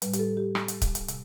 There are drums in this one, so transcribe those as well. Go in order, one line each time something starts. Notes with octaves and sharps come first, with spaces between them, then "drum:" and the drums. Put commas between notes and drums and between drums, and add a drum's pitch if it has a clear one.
A2 G3 B4, drum: hi-hat
G4, drum: hi-hat
A4
G4
drum: rim click
drum: hi-hat
drum: kick C#1, hi-hat
drum: hi-hat
C3, drum: hi-hat